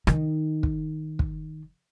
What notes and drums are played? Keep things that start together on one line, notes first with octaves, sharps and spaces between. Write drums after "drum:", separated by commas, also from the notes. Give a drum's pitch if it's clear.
D#3 D#4, drum: rim click
drum: kick
drum: kick